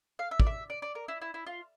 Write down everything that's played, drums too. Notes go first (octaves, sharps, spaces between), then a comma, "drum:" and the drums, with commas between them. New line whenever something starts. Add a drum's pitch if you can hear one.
F5
E5
D5, drum: kick
E5
D5
D5
A#4
E4
E4
E4
F4